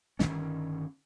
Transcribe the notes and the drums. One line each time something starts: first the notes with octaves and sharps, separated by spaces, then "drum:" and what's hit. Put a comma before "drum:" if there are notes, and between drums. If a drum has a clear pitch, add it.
G1 E2 D#3 C#4, drum: snare